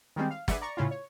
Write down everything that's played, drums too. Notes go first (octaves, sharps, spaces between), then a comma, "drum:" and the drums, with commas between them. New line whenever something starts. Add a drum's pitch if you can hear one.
D#3 G3 G#3 C4
F5
G#4 B4 D5 E5 F#5, drum: snare
D5 A#5 C#6
A2 C#3 C#4 E4 F4
C#5